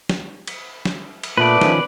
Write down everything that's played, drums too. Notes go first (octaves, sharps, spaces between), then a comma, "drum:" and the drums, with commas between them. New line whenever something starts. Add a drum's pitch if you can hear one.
drum: snare
drum: cymbal
drum: snare
drum: cymbal
A#2 A3 B3 D4 B4 D5
D#3 F3 C#4, drum: snare